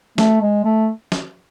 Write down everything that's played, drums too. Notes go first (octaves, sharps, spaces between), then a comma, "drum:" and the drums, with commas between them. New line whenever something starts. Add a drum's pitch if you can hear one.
A3, drum: snare
G#3
A3
drum: snare